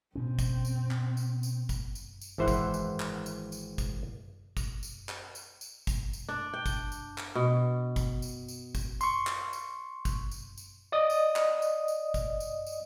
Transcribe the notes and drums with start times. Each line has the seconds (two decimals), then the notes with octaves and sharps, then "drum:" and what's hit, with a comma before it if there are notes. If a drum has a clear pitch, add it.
0.15 B2 C4 C#4
0.39 drum: kick, tambourine
0.65 drum: tambourine
0.91 drum: clap
1.17 drum: tambourine
1.43 drum: tambourine
1.69 drum: kick, tambourine
1.95 drum: tambourine
2.21 drum: tambourine
2.38 G#1 E3 C5 E5 F#5
2.48 drum: kick, tambourine
2.74 drum: tambourine
3.00 drum: clap
3.26 drum: tambourine
3.52 drum: tambourine
3.78 drum: kick, tambourine
4.57 drum: kick, tambourine
4.83 drum: tambourine
5.09 drum: clap
5.35 drum: tambourine
5.61 drum: tambourine
5.87 drum: kick, tambourine
6.13 drum: tambourine
6.29 D4
6.54 G5
6.66 drum: kick, tambourine
6.92 drum: tambourine
7.18 drum: clap
7.35 B2
7.96 drum: kick, tambourine
8.22 drum: tambourine
8.49 drum: tambourine
8.75 drum: kick, tambourine
9.01 C6 C#6, drum: tambourine
9.27 drum: clap
9.53 drum: tambourine
10.05 drum: kick, tambourine
10.31 drum: tambourine
10.58 drum: tambourine
10.92 D5 D#5 D#6
11.10 drum: tambourine
11.36 drum: clap
11.62 drum: tambourine
11.88 drum: tambourine
12.14 drum: kick, tambourine
12.40 drum: tambourine
12.67 drum: tambourine